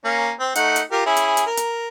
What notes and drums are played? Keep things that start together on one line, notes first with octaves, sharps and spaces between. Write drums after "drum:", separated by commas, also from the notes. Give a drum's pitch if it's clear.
A#3 C#4
C4
A3 D#4 F#5, drum: hi-hat
drum: hi-hat
F4 G4 A#4
C#4 E4 G#4
drum: hi-hat
drum: hi-hat
A#4
drum: hi-hat